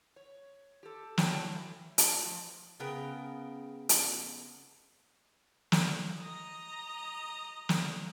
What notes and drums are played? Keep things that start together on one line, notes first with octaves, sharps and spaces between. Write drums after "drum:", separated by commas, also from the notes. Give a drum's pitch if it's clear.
C#5
G4 A4
A2 F#4 C#5 G5 A5, drum: snare
E3
A5, drum: hi-hat
F3
C#3 B3 A#4 G5
drum: hi-hat
drum: snare
D#5 A#5
drum: snare